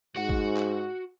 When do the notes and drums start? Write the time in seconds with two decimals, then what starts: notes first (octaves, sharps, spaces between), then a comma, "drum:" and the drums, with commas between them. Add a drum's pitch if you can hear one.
0.16 G#2 F#4 F#5
0.29 drum: kick
0.57 drum: clap